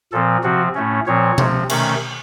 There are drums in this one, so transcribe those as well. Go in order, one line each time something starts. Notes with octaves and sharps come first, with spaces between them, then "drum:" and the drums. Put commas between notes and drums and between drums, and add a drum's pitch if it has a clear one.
A#2 F3 C4 A4
C3 F3 C4 F#4
A2 A3 C#4
A#2 F3 C4 C#5
C3 F3 C4, drum: tom B2
C3 D#3 A3 C#4, drum: cymbal